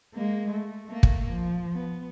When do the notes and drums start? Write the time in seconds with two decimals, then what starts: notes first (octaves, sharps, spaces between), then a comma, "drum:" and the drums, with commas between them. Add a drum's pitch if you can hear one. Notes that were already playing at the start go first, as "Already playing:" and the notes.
0.14 G#3 A#3
0.50 A3
0.87 A3 A#3
1.03 drum: kick
1.30 F3
1.74 B3